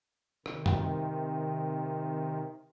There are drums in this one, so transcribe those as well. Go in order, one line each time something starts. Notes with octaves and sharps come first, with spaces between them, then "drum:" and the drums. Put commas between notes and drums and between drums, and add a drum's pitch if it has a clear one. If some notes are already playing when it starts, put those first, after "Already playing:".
C3 D#3, drum: rim click
drum: tom F#2